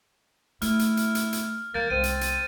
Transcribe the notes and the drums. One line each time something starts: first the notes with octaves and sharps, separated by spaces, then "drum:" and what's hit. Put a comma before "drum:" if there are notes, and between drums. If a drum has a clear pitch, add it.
A3 E4 F6, drum: hi-hat
drum: hi-hat
drum: hi-hat
drum: hi-hat
drum: hi-hat
D#3 G3 A#3 G6 A6
C2 G#3 C4 D#7
drum: hi-hat
drum: hi-hat